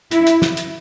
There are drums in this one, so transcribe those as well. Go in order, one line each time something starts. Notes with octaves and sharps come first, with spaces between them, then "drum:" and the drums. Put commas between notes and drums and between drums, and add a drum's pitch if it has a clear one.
E4, drum: hi-hat
drum: hi-hat
drum: snare
drum: hi-hat